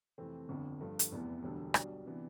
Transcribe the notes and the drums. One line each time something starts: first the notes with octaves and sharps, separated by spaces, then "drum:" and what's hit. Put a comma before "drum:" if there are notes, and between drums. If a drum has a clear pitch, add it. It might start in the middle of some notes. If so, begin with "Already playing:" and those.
F2 C3 E3 A3 C4
G1 F2 D3
G2 F3 A3
drum: hi-hat
F1 E2 C3 E3 B3
E1 D2 D3 G3
B1 B2 G3 D4, drum: rim click
C3 E3 B3 D4